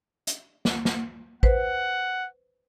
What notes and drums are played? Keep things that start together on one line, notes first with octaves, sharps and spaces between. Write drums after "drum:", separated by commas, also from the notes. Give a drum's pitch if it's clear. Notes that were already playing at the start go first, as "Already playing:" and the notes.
drum: hi-hat
drum: snare
drum: snare
B4 C5 F#5, drum: kick A1